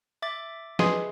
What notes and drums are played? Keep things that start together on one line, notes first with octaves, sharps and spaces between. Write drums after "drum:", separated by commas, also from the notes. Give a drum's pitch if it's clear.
E5 D6 A6
G#4 B4 D#5 C6, drum: snare